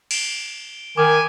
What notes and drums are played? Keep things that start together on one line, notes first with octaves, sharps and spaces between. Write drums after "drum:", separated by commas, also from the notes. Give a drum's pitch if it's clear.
D7 G7, drum: cymbal
D#3 G#5 D6 D#6